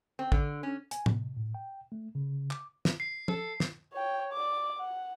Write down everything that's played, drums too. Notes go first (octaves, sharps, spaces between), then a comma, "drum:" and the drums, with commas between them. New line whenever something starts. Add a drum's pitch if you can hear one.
C4
D3, drum: kick
C#4
G#5, drum: hi-hat
C3, drum: tom A2
A2
G5
A3
C#3
D6, drum: clap
drum: snare
C7
A4, drum: tom
drum: snare
C#5 G5
D5 D6
F#5